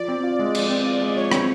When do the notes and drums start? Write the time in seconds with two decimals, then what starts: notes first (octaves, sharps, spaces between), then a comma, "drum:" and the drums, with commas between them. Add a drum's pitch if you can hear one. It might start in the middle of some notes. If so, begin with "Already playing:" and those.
Already playing: F3 D5
0.08 C4
0.23 F4
0.39 G#3
0.55 F3, drum: cymbal
0.69 C4
0.85 F4
1.01 G#3
1.16 F3 C#5
1.31 C4, drum: rim click